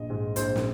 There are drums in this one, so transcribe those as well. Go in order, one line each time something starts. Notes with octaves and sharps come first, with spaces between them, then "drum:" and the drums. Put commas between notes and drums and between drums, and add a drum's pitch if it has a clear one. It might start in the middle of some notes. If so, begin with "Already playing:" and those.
Already playing: A#1 D#5
G#2
A#1 C5, drum: hi-hat
drum: snare